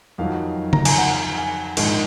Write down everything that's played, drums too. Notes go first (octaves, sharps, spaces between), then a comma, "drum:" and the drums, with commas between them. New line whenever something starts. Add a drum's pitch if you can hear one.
F2 D#3 F#3 F5
A#5, drum: tom C#3
G#5, drum: cymbal
F#5
G#5
A#1 G#2 D#3, drum: cymbal